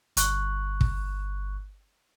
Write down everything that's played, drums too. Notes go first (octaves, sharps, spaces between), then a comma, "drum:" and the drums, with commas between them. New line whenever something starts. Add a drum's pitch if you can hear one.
G1 C#6 F#6, drum: hi-hat
drum: kick